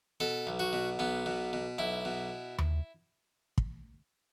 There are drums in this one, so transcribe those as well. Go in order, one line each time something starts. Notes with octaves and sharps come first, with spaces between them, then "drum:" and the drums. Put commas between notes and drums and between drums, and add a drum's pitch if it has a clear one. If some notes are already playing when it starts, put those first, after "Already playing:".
B2 A4
B1
F#4
B2
B1 B3
B2
B2
B1 E4
B2
drum: tom D#2
drum: kick